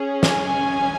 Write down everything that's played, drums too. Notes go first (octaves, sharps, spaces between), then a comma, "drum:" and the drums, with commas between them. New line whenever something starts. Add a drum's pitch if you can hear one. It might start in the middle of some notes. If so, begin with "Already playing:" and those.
Already playing: C#4 G#4
G#5, drum: snare